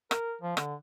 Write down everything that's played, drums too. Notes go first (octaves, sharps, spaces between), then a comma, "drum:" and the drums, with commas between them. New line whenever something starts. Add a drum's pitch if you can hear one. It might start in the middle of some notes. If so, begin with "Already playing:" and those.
A#4, drum: rim click
F3
D3, drum: rim click